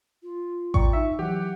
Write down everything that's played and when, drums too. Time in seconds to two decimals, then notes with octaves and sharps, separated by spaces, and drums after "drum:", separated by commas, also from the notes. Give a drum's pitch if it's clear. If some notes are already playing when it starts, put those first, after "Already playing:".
0.23 F4
0.74 D5 G5 A#5 C#6, drum: kick A1
0.93 D#4 E5
1.19 E3 F#3 G4 F#5